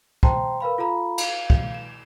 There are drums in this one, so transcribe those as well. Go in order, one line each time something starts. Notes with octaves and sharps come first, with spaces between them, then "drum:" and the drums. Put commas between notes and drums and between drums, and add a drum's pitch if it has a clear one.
C5 G5 A5 A#5 C6, drum: kick
A#4 B4 F5 B5
F4 A4 F5 A#5 B5
F5, drum: cymbal
drum: kick
E7